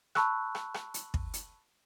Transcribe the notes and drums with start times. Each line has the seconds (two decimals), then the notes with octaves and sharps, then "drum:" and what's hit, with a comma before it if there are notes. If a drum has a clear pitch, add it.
0.15 A5 B5 C#6 E6 F#6, drum: rim click
0.55 drum: rim click
0.74 drum: rim click
0.94 drum: hi-hat
1.14 drum: kick
1.34 drum: hi-hat